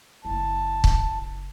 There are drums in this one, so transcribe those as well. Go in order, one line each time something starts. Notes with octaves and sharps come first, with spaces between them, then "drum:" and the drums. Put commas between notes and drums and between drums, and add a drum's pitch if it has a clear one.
F#1 E4 A5
drum: kick